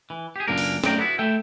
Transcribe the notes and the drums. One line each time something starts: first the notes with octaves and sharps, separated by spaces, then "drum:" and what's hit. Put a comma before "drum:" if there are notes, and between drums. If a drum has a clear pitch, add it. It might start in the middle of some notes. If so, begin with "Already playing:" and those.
E3
G4 G#4
C#2 F#2 A#3 D4 A#4
drum: open hi-hat
F#2 A3 D5 G5 A#5, drum: snare
B3 E4 F#4
A3 E5 G5